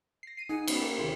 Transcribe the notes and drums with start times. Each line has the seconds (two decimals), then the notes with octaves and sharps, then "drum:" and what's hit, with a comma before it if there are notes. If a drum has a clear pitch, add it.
0.23 A#6 C7
0.37 C7 D#7
0.49 D#4 G#4 F#5
0.68 G3 B3, drum: cymbal
0.80 A#3 A4
0.98 D#2 C3 E4 G#4 C6